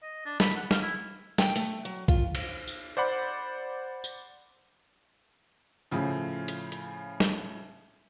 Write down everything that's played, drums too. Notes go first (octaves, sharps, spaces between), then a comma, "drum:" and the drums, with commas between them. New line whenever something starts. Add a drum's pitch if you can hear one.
D#5
D4
B5, drum: snare
F#5
F5, drum: snare
E4
G5, drum: snare
A3, drum: open hi-hat
F#3
F4, drum: kick A#1
drum: cymbal
drum: tambourine
C5 D5 F#5 B5
drum: tambourine
A2 C#3 F3
drum: hi-hat
drum: hi-hat
drum: snare